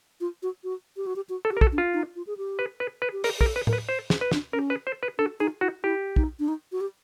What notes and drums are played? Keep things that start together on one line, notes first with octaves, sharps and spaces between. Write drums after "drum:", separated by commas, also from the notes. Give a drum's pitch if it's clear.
F4
F#4
F#4
G4
F#4
G4
F#4
A4
G4
A#4
A4, drum: kick
D4
F4
D#4
F4
G#4
G4
B4
B4
B4
G4
G#4 A#4, drum: open hi-hat
G#4
A#4, drum: kick
A4
B4
A#4, drum: tom A2
B4
C5
G#4, drum: snare
B4
D4, drum: snare
C#4 A#4
B4
C5
B4
D4 A4
D#4 G#4
E4 F#4
E4 G4
D#4, drum: kick
D4
D#4
F#4
G4